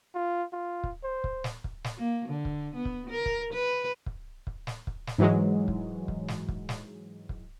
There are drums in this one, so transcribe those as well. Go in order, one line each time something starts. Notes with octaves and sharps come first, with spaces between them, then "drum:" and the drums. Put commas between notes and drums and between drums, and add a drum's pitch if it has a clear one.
F4
F4
drum: kick
C5
drum: kick
drum: snare
drum: kick
drum: snare
A#3
D3
drum: kick
B3
drum: kick
A#4
drum: kick
B4
drum: kick
drum: kick
drum: snare
drum: kick
drum: snare
G#2 E3 F#3 G#3
drum: kick
drum: kick
drum: snare
drum: kick
drum: snare
drum: kick